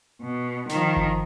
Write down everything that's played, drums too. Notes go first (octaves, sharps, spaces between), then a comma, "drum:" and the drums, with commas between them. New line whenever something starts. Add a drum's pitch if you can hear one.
B2
D#3 F3, drum: snare
drum: kick G1